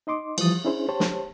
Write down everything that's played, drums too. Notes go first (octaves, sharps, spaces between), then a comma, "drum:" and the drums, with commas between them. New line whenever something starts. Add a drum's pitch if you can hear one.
D#4 D#5 C6 D6
E3 F3 G3 D#6 A6, drum: cymbal
C#4 D4 E4 G#4 C5
G4 C5 C#5 A5
drum: snare